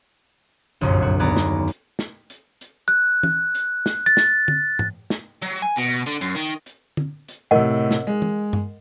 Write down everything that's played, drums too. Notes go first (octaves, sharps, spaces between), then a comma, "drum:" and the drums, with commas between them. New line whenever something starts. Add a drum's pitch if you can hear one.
G1 C2 F#2 A#2
F#4
D#2 B3 G#4 D5 A#5
drum: snare
drum: hi-hat
drum: snare
drum: hi-hat
drum: hi-hat
F#6
drum: tom
drum: hi-hat
drum: snare
A6
drum: snare
drum: tom
drum: tom G#2
drum: snare
F#3, drum: hi-hat
G#5
B2
D3, drum: hi-hat
F#2
D#3, drum: hi-hat
drum: hi-hat
drum: tom
drum: hi-hat
A2 C3 A#4 D#5 F#5
drum: snare
G#3
drum: tom
drum: tom G2